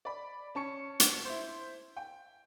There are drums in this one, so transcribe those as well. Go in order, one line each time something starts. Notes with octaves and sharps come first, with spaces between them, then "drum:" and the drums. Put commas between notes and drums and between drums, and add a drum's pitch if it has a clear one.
D5 B5
C#4 A5 C#6 C#7
drum: hi-hat
E4 C5
G5